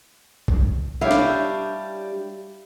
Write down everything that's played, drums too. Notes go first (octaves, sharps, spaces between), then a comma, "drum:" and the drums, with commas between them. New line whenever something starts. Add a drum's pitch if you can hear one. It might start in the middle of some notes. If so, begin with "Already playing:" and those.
drum: kick B1
G3 D4 E4 G4 C#5 F5
drum: snare D4